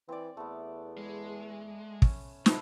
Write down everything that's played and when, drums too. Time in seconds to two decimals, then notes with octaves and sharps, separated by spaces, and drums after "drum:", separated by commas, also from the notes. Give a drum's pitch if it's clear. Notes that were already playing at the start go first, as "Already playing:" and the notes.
0.09 E3 C4 D5
0.37 E2 A3 B3
0.98 G#3
2.02 C#4, drum: kick
2.46 B2 B3 C4 E4 A4 D#5, drum: snare